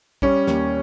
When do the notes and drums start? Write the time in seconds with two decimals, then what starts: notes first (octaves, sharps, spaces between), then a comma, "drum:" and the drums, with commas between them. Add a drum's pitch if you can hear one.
0.22 G3 C#4, drum: kick
0.47 D#2, drum: snare